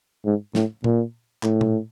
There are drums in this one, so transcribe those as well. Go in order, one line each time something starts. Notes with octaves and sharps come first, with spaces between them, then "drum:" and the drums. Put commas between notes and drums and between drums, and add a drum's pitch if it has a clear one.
G#2
A2, drum: snare
A#2, drum: tom A#2
A2, drum: clap
drum: tom A#2